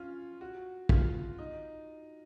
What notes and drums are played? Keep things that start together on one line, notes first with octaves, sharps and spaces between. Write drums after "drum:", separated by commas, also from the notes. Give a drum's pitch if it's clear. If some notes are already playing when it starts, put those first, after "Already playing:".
Already playing: C#4 F4
F#4
F4, drum: kick
D#4